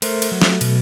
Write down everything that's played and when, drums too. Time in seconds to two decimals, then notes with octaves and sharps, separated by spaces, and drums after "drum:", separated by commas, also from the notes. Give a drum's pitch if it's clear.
0.02 A3 A#4 C5, drum: cymbal
0.22 drum: cymbal
0.32 F#3
0.42 drum: snare
0.61 B2, drum: cymbal